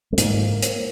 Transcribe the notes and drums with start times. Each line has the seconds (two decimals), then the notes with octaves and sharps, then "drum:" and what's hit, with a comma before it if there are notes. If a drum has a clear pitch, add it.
0.13 G#3
0.18 G#2 A#3, drum: hi-hat
0.62 drum: hi-hat